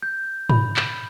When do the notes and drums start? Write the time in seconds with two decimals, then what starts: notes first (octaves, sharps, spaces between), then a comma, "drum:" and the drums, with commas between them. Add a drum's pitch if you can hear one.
0.03 G6
0.49 B5, drum: tom
0.76 drum: clap